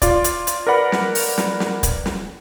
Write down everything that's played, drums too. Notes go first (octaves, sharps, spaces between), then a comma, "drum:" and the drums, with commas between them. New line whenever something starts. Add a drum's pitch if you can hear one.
F4 D5, drum: kick, hi-hat
drum: hi-hat
drum: hi-hat
A#4 B4 D5 F#5 B5
drum: snare
drum: open hi-hat
drum: snare
drum: snare
drum: kick, hi-hat
drum: snare